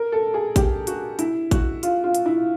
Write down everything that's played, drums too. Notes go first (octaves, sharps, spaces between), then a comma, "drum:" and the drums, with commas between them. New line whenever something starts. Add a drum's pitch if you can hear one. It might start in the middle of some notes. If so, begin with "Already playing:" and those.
Already playing: A#4
A4
G#4
G4, drum: kick A1, hi-hat
F#4, drum: hi-hat
E4, drum: hi-hat
F#4, drum: kick A1, hi-hat
F4, drum: hi-hat
F4
drum: hi-hat
E4